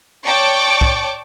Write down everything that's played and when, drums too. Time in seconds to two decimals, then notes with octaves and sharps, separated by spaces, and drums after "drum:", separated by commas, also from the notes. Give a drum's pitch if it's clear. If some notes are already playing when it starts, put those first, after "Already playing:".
0.25 C#5 D5 G5 A5 C#6 D6
0.81 drum: kick B1